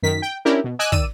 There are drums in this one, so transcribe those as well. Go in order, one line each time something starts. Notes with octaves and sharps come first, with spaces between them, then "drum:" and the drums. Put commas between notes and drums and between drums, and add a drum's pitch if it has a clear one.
F#2 D#3 B6
G5
C#4 D4 E4 G4 A#4
B2
D#5 G#5 D6 E6 F#6
D#3 D5 E6 D#7, drum: kick